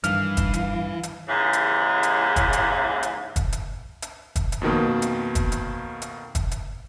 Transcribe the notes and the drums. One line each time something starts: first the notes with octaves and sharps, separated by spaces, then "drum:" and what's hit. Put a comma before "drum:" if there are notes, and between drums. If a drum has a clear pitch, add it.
G2 D#3 E3 F5 F6, drum: hi-hat
drum: kick, hi-hat
drum: hi-hat
drum: hi-hat
D#2 G#2 C#3 E3
drum: hi-hat
drum: hi-hat
drum: kick, hi-hat
drum: hi-hat
drum: hi-hat
drum: kick, hi-hat
drum: hi-hat
drum: hi-hat
drum: kick, hi-hat
drum: hi-hat
F2 B2 D#3 A#3
drum: hi-hat
drum: kick, hi-hat
drum: hi-hat
drum: hi-hat
drum: kick, hi-hat
drum: hi-hat